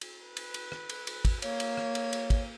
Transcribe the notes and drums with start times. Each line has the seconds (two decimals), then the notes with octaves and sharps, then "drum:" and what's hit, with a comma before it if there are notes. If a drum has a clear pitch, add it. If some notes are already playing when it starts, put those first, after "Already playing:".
0.01 drum: cymbal
0.25 B4
0.37 drum: cymbal
0.54 drum: cymbal
0.72 drum: rim click
0.89 drum: cymbal
1.07 drum: cymbal
1.25 drum: kick, cymbal
1.42 A#3 C#5, drum: cymbal
1.60 drum: cymbal
1.77 drum: rim click
1.95 drum: cymbal
2.13 drum: cymbal
2.30 drum: kick, cymbal